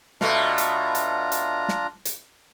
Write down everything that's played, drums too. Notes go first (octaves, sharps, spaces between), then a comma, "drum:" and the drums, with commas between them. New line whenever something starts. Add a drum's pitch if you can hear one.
B2 A3 D4 F4 A#5, drum: snare
drum: hi-hat
drum: hi-hat
drum: hi-hat
drum: snare
drum: hi-hat